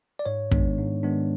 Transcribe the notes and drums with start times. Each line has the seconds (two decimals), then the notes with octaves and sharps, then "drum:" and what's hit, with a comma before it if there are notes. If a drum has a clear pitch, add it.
0.19 D5
0.26 G#2 C#5
0.51 D#3 G#3 B3 D4, drum: kick
0.78 G#2
1.03 D#3 G#3 B3 D4